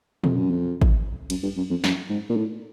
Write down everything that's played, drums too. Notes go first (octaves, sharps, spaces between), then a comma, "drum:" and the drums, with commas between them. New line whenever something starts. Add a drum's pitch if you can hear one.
F2, drum: tom
F#2
F2
drum: kick G#1
F#2, drum: cymbal
G2
F#2
F2
F#2, drum: snare
G#2
A#2
A2